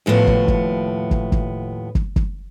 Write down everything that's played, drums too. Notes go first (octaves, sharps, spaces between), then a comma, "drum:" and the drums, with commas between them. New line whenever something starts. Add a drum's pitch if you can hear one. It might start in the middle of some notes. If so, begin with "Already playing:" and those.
D#2 A2 F3 B3
drum: kick
drum: kick
drum: kick
drum: kick
drum: kick
drum: kick